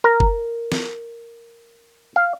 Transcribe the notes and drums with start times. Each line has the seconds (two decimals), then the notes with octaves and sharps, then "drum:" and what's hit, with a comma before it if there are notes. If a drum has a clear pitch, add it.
0.04 A#4
0.20 drum: kick F#1
0.72 drum: snare
2.16 F5